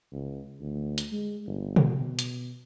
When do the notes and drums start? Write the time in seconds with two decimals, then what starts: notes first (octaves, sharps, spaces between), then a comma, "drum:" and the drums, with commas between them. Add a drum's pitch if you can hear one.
0.12 C#2
0.60 D2
0.98 drum: hi-hat
1.12 G#3
1.46 G1
1.76 drum: tom
1.98 B2
2.19 drum: hi-hat